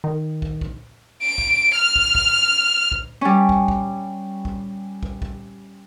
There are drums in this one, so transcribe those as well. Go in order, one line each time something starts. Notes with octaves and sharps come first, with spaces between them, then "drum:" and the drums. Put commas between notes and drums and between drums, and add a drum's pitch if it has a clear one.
D#3
drum: kick
drum: kick
D7
drum: kick
F6
drum: kick
drum: kick
drum: kick
G3 C#4
drum: kick
drum: kick
drum: kick
drum: kick
drum: kick